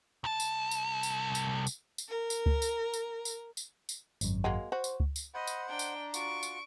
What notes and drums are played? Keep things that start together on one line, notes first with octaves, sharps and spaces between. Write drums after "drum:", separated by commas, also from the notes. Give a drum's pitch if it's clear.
C2 A5
drum: tambourine
drum: tambourine
drum: tambourine
drum: tambourine
drum: tambourine
drum: tambourine
A#4
drum: tambourine
drum: kick C#2
drum: tambourine
drum: tambourine
drum: tambourine
drum: tambourine
drum: tambourine
G#1 F#2, drum: tambourine
F#3 G#3 A#3
F#4 C5
drum: tambourine
drum: kick C#2
drum: tambourine
C5 D#5 F#5 B5
drum: tambourine
D4 G5 A#5
drum: tambourine
F4 F#4 C#6 D7, drum: tambourine
drum: tambourine